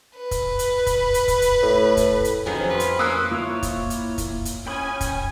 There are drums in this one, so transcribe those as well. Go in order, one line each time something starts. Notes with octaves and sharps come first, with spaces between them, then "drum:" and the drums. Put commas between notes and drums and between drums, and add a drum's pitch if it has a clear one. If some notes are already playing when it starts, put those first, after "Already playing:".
B4
drum: kick, hi-hat
drum: hi-hat
drum: kick, hi-hat
drum: hi-hat
drum: kick, hi-hat
drum: hi-hat
A2
drum: kick, hi-hat
drum: hi-hat
F2 D#3 F#3 C#4 G#4
G4 B4 C6 F6
drum: hi-hat
A#3 C#4 E4 C#5 D#6 E6 F#6 D7
A#3 E4 F4 C#5
drum: kick, hi-hat
drum: hi-hat
drum: kick, hi-hat
drum: hi-hat
C#4 G5 G#5 B5 D#6
drum: kick, hi-hat